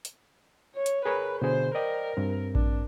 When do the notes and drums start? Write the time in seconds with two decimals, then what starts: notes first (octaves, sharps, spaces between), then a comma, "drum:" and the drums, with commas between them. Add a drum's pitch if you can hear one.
0.05 drum: hi-hat
0.75 C#5
0.86 drum: hi-hat
1.05 G#4 A#4 B4 C#5
1.42 B2 D3 G#4 C5
1.75 A#4 D5 D#5 G5
2.17 G2 C4
2.55 D4, drum: kick A1